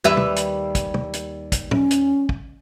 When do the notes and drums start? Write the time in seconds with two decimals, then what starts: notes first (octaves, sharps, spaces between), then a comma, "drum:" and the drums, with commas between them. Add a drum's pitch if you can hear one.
0.04 D#2 G3 B4 E5
0.17 drum: tom
0.36 drum: hi-hat
0.75 drum: kick, hi-hat
0.94 drum: tom
1.13 drum: hi-hat
1.52 drum: kick, hi-hat
1.71 C#4, drum: tom
1.91 drum: hi-hat
2.29 drum: kick